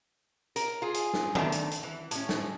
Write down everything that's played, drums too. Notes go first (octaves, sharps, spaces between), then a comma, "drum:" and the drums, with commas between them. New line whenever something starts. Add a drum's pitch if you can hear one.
A#4, drum: hi-hat
F4 G#4
drum: hi-hat
drum: snare
D3 D#3 F3 A3 D4, drum: tom D#3
drum: hi-hat
drum: hi-hat
E3
A2 C#4, drum: hi-hat
drum: snare